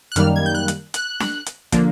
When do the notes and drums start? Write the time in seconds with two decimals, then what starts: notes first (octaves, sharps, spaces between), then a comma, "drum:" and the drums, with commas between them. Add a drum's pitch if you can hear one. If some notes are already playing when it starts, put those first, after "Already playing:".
0.12 F#6
0.16 F#2 D#3 G3 A#3 F6, drum: hi-hat
0.36 G#6
0.46 G6
0.55 F#6
0.68 drum: hi-hat
0.94 F#6, drum: hi-hat
1.20 drum: snare D4
1.46 drum: hi-hat
1.72 D3 F3 A#3 D4, drum: kick, hi-hat